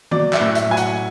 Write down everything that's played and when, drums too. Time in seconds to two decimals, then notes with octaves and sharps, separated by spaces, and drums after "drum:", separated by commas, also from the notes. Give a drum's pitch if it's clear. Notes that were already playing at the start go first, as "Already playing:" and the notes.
0.11 F#3 D5, drum: tom D#3
0.33 E5, drum: clap
0.40 A2
0.55 E5, drum: hi-hat
0.70 F#3 G#5
0.77 F#5, drum: hi-hat